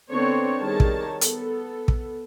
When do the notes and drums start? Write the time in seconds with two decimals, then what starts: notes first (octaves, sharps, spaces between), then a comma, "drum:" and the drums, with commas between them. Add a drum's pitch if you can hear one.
0.11 D3 B3 C4 D4 C#5
0.61 D#3 G3 G#4 A#4 C#5 A5
0.80 drum: kick
1.21 B3 A4, drum: hi-hat
1.88 drum: kick